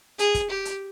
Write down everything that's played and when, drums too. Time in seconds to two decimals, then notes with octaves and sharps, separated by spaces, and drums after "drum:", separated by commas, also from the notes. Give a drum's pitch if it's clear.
0.19 G#4, drum: hi-hat
0.34 drum: kick, hi-hat
0.50 G4
0.65 drum: hi-hat